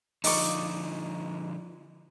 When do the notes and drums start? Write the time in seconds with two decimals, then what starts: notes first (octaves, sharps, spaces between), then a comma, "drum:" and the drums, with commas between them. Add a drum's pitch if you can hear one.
0.24 D3 F3 D#4 D5 C#6, drum: open hi-hat